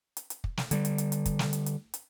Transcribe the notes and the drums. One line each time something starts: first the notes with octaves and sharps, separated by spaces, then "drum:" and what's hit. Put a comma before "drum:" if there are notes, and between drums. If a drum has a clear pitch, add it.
drum: hi-hat
drum: hi-hat
drum: kick
drum: snare
D3 G3, drum: hi-hat
drum: hi-hat
drum: hi-hat
drum: hi-hat
drum: kick, hi-hat
drum: snare
drum: hi-hat
drum: hi-hat
drum: hi-hat